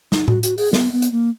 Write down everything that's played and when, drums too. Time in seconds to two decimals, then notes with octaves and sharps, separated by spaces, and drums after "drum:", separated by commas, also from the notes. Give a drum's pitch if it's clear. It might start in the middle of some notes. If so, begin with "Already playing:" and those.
0.12 D#4, drum: snare
0.28 F#4, drum: tom A2
0.43 F#4, drum: hi-hat
0.58 G#4, drum: open hi-hat
0.73 B3, drum: snare
0.92 B3
1.02 drum: hi-hat
1.12 A#3